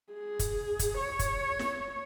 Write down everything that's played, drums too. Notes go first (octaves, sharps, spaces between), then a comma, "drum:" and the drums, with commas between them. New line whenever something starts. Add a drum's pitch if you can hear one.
G#4
drum: kick, hi-hat
drum: kick, hi-hat
C#5
drum: kick, hi-hat
drum: snare